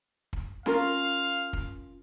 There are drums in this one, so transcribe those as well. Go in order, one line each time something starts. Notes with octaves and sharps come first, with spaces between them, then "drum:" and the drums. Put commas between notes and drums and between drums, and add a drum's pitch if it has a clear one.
drum: kick
C#4 F4 A#4 F5, drum: snare C4
drum: kick